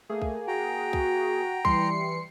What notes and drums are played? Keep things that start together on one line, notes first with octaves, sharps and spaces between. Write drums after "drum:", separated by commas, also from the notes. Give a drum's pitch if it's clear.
A3 A#3 G#4
drum: kick
F#4 G5 A#5
drum: kick
E3 G3 C6 C7 C#7, drum: kick